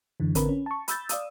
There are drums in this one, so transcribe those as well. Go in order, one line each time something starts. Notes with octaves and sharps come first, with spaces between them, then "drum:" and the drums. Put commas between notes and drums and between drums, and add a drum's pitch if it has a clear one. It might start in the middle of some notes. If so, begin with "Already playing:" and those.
F#2 D3 E3
A1 D3 C4 A#4 B4 B5, drum: hi-hat
C#4
A5 C#6
B5 E6 G6 A6, drum: hi-hat
D5 F5 D#6 E6, drum: hi-hat